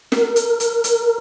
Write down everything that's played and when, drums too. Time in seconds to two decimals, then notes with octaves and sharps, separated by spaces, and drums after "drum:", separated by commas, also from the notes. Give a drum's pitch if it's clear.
0.12 A#4, drum: snare
0.36 drum: hi-hat
0.60 drum: hi-hat
0.84 drum: hi-hat